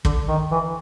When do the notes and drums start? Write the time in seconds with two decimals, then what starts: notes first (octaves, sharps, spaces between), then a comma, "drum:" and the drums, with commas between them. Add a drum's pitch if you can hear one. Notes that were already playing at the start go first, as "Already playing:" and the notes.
0.05 D3, drum: kick
0.28 D#3
0.51 E3